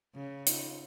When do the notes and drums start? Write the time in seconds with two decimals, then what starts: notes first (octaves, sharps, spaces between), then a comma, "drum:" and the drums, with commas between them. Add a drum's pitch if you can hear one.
0.15 C#3
0.47 D#4 F4, drum: hi-hat